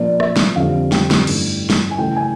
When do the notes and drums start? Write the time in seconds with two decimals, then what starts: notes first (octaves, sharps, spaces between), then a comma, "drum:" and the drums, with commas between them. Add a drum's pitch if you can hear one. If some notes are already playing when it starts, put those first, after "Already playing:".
Already playing: A#2 F3 A#3 D4 D5
0.20 E5, drum: rim click
0.36 drum: snare
0.56 F2 D3 G3 C4 F5
0.92 G5, drum: snare
1.11 drum: snare
1.27 G2 E3 A3 C#4, drum: cymbal
1.70 drum: snare
1.91 G#5
1.98 C#3 E3 A3 G5
2.16 G#5